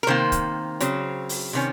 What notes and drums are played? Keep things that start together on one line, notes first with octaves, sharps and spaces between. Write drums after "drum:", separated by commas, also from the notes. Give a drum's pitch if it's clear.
A#4
C3 D#3 A#3 C5
drum: kick, hi-hat
C#3 F#3 C4, drum: hi-hat
drum: open hi-hat
C3 D#3 C#4